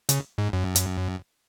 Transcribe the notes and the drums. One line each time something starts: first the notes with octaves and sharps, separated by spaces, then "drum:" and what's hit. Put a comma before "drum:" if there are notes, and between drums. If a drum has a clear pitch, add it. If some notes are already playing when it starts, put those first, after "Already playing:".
C#3, drum: hi-hat
G#2
F#2
drum: hi-hat